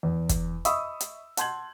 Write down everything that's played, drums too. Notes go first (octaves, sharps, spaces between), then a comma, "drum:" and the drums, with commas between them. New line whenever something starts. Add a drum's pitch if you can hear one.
E2
drum: kick, hi-hat
D#5 E5 B5 C#6 D#6 E6, drum: hi-hat
drum: hi-hat
F#5 A5 C6 G6 G#6 F#7, drum: hi-hat